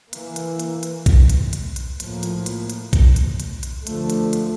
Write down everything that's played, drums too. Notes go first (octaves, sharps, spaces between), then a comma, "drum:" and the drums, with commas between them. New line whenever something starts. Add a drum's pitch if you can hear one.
E3 A#3, drum: hi-hat
drum: hi-hat
drum: hi-hat
drum: hi-hat
drum: kick B1, hi-hat
drum: hi-hat
drum: hi-hat
drum: hi-hat
A2 F3 A#3, drum: hi-hat
drum: hi-hat
drum: hi-hat
drum: hi-hat
drum: kick B1, hi-hat
drum: hi-hat
drum: hi-hat
drum: hi-hat
D3 F3 A3, drum: hi-hat
drum: hi-hat
drum: hi-hat